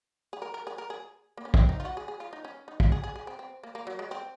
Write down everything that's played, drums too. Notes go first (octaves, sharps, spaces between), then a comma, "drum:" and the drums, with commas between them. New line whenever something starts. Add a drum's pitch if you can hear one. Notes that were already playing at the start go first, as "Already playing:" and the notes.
G#4
A#4
A#4
G#4
A#4
G#4
A#3
C#4
C4, drum: kick
D#4
F4
F#4
G#4
G#4
F4
D#4
C#4
D#4
F4, drum: kick
G#4
G#4
G#4
C4
C4
A#3
A#3
F#3
G#3
C4